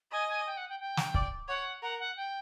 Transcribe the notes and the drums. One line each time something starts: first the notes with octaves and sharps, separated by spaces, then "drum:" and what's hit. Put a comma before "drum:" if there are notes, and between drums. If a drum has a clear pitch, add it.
D#5 G#5
G#5
G5
F#5
G5
G5
drum: snare
D5, drum: kick
C#5 F#5
A#4 F#5
F#5
G5